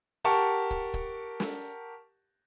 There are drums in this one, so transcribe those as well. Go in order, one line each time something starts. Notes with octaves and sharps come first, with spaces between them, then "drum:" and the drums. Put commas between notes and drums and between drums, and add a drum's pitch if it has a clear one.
G4 A#4 F#5 A5 C#6
drum: kick
drum: kick
drum: snare